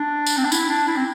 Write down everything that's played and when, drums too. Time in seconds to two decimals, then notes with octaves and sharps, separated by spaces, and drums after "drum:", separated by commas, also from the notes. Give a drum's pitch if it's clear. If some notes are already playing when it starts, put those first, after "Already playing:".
Already playing: D4
0.26 drum: tambourine
0.37 C4
0.45 D4
0.52 E4, drum: tambourine
0.69 D4
0.87 E4
0.97 C4